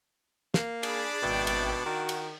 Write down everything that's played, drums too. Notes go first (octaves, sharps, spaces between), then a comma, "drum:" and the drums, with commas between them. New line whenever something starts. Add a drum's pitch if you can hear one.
A#3, drum: snare
D4 G#4 D5 B5, drum: cymbal
G#1 B2 E5 G5
drum: cymbal
D#3 F#4
drum: cymbal